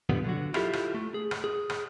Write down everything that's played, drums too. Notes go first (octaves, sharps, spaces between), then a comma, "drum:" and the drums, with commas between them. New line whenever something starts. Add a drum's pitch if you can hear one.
B2 D3 F3 G3 B3
D3 F#3 F#4
E4 F4 G4 A4, drum: rim click
drum: rim click
A3
G#4
drum: rim click
G#4
drum: rim click